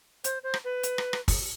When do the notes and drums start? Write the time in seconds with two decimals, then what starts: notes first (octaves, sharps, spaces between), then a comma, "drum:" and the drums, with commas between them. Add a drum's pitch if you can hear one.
0.24 C5, drum: hi-hat
0.43 C5
0.54 drum: rim click
0.64 B4
0.83 drum: hi-hat
0.98 drum: rim click
1.13 drum: rim click
1.28 drum: kick, open hi-hat